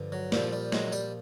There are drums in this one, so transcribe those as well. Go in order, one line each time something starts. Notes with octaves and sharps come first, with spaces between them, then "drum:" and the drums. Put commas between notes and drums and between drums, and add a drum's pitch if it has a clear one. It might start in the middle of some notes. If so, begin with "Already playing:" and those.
Already playing: G2 D3 F3
F#3
A#2 F3 G3, drum: snare
G3
F#3 G#3, drum: snare
G3, drum: tambourine